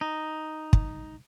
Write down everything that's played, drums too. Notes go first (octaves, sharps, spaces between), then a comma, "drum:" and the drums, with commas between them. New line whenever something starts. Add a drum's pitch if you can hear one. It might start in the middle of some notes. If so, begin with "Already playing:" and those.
D#4
drum: kick